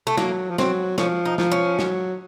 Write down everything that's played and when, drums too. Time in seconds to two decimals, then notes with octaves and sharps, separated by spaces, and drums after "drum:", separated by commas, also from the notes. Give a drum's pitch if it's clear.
0.07 A3
0.17 F#3 A#3, drum: snare
0.50 F3
0.58 F#3 C4, drum: snare
0.98 F3 C#4, drum: snare
1.25 D#4
1.38 F3, drum: snare
1.52 C#4
1.79 F#3, drum: snare